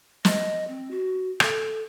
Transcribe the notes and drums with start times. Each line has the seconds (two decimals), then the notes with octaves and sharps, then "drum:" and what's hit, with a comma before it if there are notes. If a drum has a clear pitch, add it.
0.25 D#5, drum: snare
0.68 C4
0.91 F#4
1.40 A4, drum: rim click